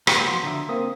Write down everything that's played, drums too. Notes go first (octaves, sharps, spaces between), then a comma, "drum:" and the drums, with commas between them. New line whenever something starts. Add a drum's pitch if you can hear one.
A#3 B3 F#4 G4, drum: rim click
F3 F#3 C6
D3 E5 A#5 C6 D#6
A#3 C4 D#6